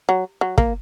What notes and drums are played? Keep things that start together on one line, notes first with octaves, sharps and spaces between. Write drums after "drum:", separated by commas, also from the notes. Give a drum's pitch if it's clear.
F#3
F#3
A#3, drum: kick